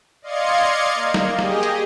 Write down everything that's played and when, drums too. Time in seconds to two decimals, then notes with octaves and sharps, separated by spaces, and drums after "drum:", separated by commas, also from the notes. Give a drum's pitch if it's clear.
0.22 D5 D#5 F5 C6 G#6 C#7
0.95 A#3
1.14 drum: snare
1.39 G4 G#4 D#5, drum: snare
1.63 drum: hi-hat